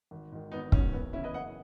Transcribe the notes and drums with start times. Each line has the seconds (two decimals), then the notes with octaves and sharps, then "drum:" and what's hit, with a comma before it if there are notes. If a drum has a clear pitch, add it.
0.11 G#1
0.32 G#2 D#3
0.51 G#1 B3 D#4
0.72 G#2 D#3 F#3 C#4, drum: kick
0.93 F#1 B3
1.13 E2 C#3 C#4 E4
1.24 B4 D#5
1.34 F#1 D#5 F#5